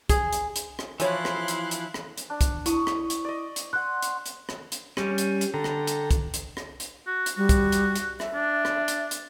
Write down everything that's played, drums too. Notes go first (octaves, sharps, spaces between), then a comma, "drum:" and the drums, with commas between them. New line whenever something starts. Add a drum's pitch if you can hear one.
G#4, drum: kick, hi-hat
drum: hi-hat
drum: hi-hat
drum: rim click
E3 F3 E4 F#4 C#5 F5 C6 F#6, drum: hi-hat
drum: rim click
drum: hi-hat
drum: hi-hat
drum: rim click
drum: hi-hat
D4
drum: kick, hi-hat
E4 C#6 D#6, drum: hi-hat
drum: rim click
drum: hi-hat
D5 D#5
drum: hi-hat
F#5 C6 F#6
drum: hi-hat
drum: hi-hat
drum: rim click
drum: hi-hat
G3 C#4 G4, drum: rim click
drum: hi-hat
drum: hi-hat
D3 A4 G5 A#5
drum: rim click
drum: hi-hat
drum: kick, hi-hat
drum: hi-hat
drum: rim click
drum: hi-hat
F#4
drum: hi-hat
G3 F#4
drum: kick, hi-hat
drum: hi-hat
drum: hi-hat
E5, drum: rim click
D4
drum: rim click
drum: hi-hat
drum: hi-hat